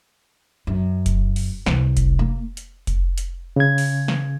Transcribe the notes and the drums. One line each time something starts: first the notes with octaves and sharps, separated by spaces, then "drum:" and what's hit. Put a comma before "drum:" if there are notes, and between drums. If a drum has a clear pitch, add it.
F#2
drum: kick F1, hi-hat
drum: open hi-hat
C2, drum: snare
drum: kick F1, hi-hat
A#3
drum: hi-hat
drum: kick F1, hi-hat
drum: hi-hat
C#3 G#6
drum: open hi-hat
drum: snare